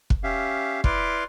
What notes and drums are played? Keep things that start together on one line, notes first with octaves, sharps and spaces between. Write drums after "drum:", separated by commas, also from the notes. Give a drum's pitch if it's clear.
drum: kick
C#4 G4 E5 F5
E4 B4 D5 C6 D6 F6, drum: kick